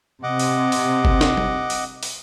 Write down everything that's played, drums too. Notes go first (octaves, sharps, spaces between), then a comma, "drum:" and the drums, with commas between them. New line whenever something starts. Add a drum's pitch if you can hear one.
C3 D#5 F#5 D6
drum: open hi-hat
drum: open hi-hat
drum: kick F#1
drum: snare
drum: tom
drum: open hi-hat
drum: open hi-hat